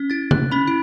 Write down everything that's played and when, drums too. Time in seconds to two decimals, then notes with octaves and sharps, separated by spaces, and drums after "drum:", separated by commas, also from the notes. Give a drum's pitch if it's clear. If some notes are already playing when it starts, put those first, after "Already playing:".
Already playing: C#4
0.10 E4 A6
0.31 F#6, drum: tom C#3
0.52 C#4 B5
0.67 E4